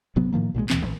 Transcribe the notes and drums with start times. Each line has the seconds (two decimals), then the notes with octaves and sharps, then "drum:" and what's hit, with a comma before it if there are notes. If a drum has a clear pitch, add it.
0.16 G#1 C3 F#3 B3
0.33 A2 D#3 F3 A#3
0.54 B1 A#2 D3 G#3
0.70 D#2 B2 E3 C4, drum: clap
0.82 A1, drum: tom